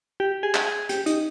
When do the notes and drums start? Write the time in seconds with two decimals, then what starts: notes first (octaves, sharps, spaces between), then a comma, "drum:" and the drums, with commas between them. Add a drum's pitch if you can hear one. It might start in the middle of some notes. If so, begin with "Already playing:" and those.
0.20 G4
0.43 G#4
0.55 drum: clap
0.67 G#4
0.89 G4, drum: hi-hat
1.06 D#4, drum: hi-hat